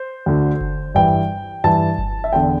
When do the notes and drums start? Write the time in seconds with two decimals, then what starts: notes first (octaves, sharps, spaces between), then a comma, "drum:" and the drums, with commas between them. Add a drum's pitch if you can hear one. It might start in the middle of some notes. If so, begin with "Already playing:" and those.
Already playing: C5
0.26 D2 D3
0.61 drum: kick F#1
0.95 G2 E3 G5
1.64 G2 E3 A5
1.98 drum: kick F#1
2.24 E5
2.33 E2 D3 G5